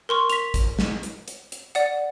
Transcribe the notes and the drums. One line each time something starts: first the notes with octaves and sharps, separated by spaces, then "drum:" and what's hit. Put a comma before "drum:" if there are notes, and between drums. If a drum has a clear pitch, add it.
A#4 C6 C#6
B6 F7, drum: hi-hat
drum: kick A1, hi-hat
drum: snare
drum: hi-hat
drum: hi-hat
drum: hi-hat
D5 F#5, drum: hi-hat